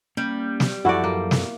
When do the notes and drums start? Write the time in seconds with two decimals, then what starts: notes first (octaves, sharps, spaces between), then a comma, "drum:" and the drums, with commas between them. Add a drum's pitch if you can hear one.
0.17 G3 A#3 C#4 D5
0.60 drum: snare
0.85 F#2 F3 E4 F#4 A4 D5
1.04 A#3
1.31 drum: snare